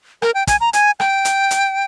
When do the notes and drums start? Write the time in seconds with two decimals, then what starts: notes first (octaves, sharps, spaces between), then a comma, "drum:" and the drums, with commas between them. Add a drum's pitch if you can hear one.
0.22 A#4, drum: rim click
0.35 G5
0.47 G#5, drum: kick, hi-hat
0.61 A#5
0.73 G#5, drum: hi-hat
1.00 G5, drum: rim click
1.25 drum: hi-hat
1.51 drum: hi-hat